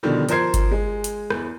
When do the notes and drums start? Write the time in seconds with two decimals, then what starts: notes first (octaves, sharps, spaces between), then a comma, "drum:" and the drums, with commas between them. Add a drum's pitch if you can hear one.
0.03 B2 D3 D#3 F3 G3
0.29 F3 A#4 C5 G#6 C7, drum: hi-hat
0.54 drum: kick G1, hi-hat
0.71 G#3
1.04 drum: hi-hat
1.30 E2, drum: rim click